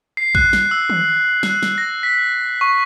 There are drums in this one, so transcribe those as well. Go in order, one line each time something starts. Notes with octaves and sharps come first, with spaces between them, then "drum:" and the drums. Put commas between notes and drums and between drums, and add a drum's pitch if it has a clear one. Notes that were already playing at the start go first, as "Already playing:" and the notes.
C7
F#6, drum: kick A#1
drum: snare
E6
drum: tom D#3
F#6, drum: snare
drum: snare
A#6
B6
C#6